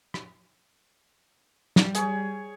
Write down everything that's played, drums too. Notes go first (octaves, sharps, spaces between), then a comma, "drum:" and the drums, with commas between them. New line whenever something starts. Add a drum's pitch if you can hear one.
drum: rim click
G3, drum: snare
G#4 C#5, drum: hi-hat